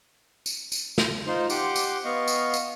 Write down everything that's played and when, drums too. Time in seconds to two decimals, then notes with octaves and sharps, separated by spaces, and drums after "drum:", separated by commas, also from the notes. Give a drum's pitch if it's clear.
0.46 drum: tambourine
0.72 drum: tambourine
0.98 drum: snare
1.27 D#4 F4 C5 C6
1.50 G4 F#5 C6 D6, drum: tambourine
1.76 drum: tambourine
2.05 B3 D#5 F5 C#6
2.28 drum: tambourine
2.54 drum: tambourine